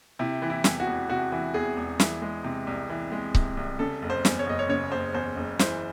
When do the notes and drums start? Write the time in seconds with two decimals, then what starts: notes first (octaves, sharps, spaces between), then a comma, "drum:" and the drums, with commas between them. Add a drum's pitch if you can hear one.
0.19 C3 E4
0.42 E3
0.50 E4
0.64 E2, drum: snare
0.80 F#4
0.87 E1
1.09 C3 F#4
1.32 E3
1.54 E2 G#4
1.77 E1
2.00 E3, drum: snare
2.22 G#3
2.44 C3
2.67 C2
2.89 E3
3.12 G#3
3.35 C3, drum: kick C#1
3.57 C2
3.79 C#3 A4
4.02 F#1
4.10 C5
4.25 E2, drum: snare
4.39 C#5
4.47 F#1 D#5
4.59 C#5
4.69 C#3 C#5
4.92 F#1 C5
5.14 E2 C5
5.37 F#1
5.59 E3 C5, drum: snare